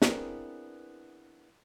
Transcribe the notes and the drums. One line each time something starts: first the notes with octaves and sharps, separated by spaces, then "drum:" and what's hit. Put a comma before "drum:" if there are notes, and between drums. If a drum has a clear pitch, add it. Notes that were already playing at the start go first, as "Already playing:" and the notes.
B3 C4 D4 E4 G#4 A#4, drum: snare